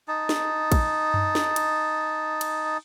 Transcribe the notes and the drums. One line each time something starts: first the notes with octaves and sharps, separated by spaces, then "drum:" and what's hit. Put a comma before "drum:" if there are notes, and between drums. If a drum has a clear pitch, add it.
D#4 A5
drum: snare
drum: kick, cymbal
drum: tom F#2
drum: snare
drum: cymbal
drum: cymbal